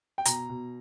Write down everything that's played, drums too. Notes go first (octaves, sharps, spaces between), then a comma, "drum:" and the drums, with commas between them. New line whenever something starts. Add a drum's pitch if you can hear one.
G5
B2 A#5, drum: hi-hat
B2